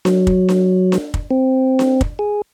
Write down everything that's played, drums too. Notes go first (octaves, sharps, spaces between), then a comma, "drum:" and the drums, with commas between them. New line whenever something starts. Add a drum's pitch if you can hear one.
F#3, drum: snare D4
drum: kick
drum: snare D4
drum: snare D4
drum: kick
C4
drum: snare D4
drum: kick
G#4